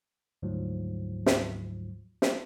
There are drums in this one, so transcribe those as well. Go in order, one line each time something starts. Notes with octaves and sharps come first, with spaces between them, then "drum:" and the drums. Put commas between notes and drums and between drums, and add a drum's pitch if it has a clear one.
D2 G#2 F3 F#3
drum: snare
drum: snare